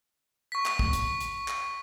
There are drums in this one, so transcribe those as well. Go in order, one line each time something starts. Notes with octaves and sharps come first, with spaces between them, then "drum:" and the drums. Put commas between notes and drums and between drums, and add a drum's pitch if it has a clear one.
C#6 B6
drum: clap
drum: kick
drum: hi-hat
drum: hi-hat
drum: clap